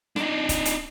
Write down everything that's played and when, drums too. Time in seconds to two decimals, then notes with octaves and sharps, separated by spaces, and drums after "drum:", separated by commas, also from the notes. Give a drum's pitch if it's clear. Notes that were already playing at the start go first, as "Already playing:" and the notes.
0.16 D4 D#4, drum: rim click
0.49 drum: kick C#1, hi-hat
0.65 drum: hi-hat